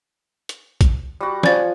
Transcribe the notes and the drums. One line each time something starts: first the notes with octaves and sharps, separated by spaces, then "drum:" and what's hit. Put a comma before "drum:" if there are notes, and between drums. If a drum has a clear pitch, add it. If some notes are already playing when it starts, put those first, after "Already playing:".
drum: hi-hat
drum: kick, hi-hat
G3 F#4
F3 D5 G#5 A6, drum: snare